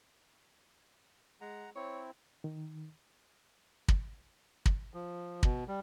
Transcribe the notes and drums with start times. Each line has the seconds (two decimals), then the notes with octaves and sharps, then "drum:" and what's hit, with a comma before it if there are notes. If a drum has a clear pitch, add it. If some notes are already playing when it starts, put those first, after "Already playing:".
1.41 G#3 F#5 A#5
1.76 C4 E4 C#5
2.44 D#3
3.88 drum: kick
4.66 drum: kick
4.94 F3
5.43 B2, drum: kick
5.68 G3